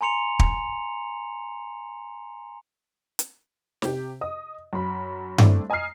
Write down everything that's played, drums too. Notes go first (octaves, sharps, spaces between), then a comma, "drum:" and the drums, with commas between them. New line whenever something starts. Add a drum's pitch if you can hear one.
G#5 A#5 C6 C#7 F7
drum: kick
drum: hi-hat
C3 G4, drum: snare
D#5 D#6
F#2 B5
G2 A3 C4 D4 E4, drum: tom G2
D#5 G#5 A#5 D#6 F6 C7